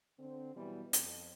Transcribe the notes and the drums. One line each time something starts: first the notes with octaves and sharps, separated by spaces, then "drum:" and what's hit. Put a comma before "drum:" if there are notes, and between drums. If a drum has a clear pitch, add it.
D3 C4
B2 E3 F#3 G3 B3
F2, drum: hi-hat